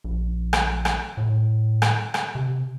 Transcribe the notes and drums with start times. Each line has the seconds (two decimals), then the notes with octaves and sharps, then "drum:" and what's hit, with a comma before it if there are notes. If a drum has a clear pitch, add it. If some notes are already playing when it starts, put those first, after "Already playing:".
0.04 A#1
0.53 drum: rim click
0.85 drum: rim click
1.17 A2
1.82 drum: rim click
2.14 drum: rim click
2.35 C3